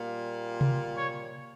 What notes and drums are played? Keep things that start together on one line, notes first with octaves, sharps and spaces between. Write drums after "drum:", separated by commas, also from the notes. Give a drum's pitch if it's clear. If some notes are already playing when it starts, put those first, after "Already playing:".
Already playing: A#2 G3 A#3
drum: tom C3
C#5